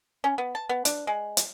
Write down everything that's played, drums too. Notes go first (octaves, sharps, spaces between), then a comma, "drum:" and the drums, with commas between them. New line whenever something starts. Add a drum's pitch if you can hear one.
C#4
B3
A5
B3
D4, drum: hi-hat
G#3
drum: hi-hat